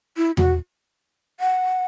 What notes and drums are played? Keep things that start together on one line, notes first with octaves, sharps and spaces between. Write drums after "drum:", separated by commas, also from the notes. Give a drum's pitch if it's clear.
E4
F#4, drum: tom E2
F#5